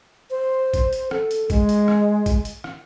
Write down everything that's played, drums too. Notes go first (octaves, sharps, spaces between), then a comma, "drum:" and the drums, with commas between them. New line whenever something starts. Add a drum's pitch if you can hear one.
C5
drum: kick, hi-hat
drum: hi-hat
A4, drum: rim click
drum: hi-hat
G#3, drum: kick, hi-hat
drum: hi-hat
drum: rim click
drum: kick, hi-hat
drum: hi-hat
drum: rim click